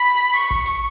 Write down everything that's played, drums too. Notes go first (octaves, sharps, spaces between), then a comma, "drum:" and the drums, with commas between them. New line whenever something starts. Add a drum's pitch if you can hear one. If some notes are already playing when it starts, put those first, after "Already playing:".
Already playing: B5
C#6, drum: open hi-hat
drum: kick G#1
drum: hi-hat